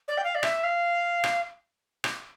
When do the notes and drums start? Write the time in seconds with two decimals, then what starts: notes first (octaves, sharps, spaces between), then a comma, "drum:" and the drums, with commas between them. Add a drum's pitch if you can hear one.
0.08 D5
0.18 G5
0.24 F5
0.35 D5
0.43 E5, drum: rim click
0.64 F5
1.24 drum: rim click
2.04 drum: rim click